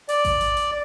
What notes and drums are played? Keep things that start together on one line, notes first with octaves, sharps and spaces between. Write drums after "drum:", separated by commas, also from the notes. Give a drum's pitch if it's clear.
D5, drum: open hi-hat
drum: kick A1, open hi-hat
drum: hi-hat
drum: hi-hat